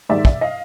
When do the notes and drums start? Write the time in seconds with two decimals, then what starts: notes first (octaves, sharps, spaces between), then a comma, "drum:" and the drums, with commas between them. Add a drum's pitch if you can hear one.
0.09 G#2 D#3 G3 D5 E5
0.25 D5 E5, drum: kick
0.41 D#5 F5